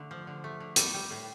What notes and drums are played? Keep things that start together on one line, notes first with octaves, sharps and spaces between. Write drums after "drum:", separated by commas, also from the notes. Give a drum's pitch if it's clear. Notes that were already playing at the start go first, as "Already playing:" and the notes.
Already playing: D3 A3
F3
D3
A3
D3
G3 A4, drum: hi-hat
G3
A2